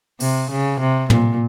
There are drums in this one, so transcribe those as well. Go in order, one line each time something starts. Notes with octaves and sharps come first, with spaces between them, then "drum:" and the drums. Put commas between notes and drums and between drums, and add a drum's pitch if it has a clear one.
C3, drum: open hi-hat
C#3
C3
A#2, drum: tom